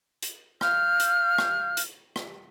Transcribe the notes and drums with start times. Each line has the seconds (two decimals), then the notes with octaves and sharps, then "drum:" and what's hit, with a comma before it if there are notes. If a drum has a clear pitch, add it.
0.22 drum: hi-hat
0.61 F5 F6 G6, drum: rim click
1.00 drum: hi-hat
1.38 drum: rim click
1.77 drum: hi-hat
2.16 drum: rim click